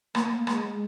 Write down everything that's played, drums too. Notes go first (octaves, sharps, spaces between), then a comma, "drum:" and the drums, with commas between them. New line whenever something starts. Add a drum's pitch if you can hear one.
A#3, drum: rim click
A#3
G#3, drum: rim click